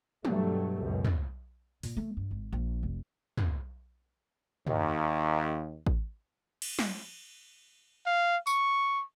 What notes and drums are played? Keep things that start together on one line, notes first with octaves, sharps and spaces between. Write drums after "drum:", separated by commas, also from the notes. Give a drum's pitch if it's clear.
G2 B2 F#3 G3 A3, drum: tom
C#2 F#2 B2
drum: tom
A#2, drum: open hi-hat
A3
G2
G#1
A#1
F1
drum: tom
D#2, drum: tom
drum: kick A1
drum: cymbal
drum: snare
F5
C#6, drum: tambourine